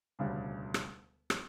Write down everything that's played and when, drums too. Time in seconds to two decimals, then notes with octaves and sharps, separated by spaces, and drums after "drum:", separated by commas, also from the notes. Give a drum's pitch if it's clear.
0.19 E1 D2 C#3 G3 D4
0.74 drum: rim click
1.30 drum: rim click